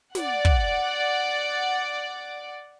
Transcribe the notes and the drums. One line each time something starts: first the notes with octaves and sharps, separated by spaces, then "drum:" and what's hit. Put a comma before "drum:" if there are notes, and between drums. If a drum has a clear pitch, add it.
D5 F#5, drum: snare
drum: kick